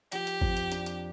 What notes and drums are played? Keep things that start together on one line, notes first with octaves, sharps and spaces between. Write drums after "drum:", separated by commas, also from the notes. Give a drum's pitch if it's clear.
F3 G4, drum: hi-hat
drum: hi-hat
F2, drum: kick G#1
drum: hi-hat
D4, drum: hi-hat
drum: hi-hat